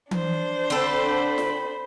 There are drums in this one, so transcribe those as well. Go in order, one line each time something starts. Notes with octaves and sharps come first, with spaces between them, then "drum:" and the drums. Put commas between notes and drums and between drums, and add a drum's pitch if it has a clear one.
D4 C5, drum: tom E3
D3 C4 A4 B5
drum: snare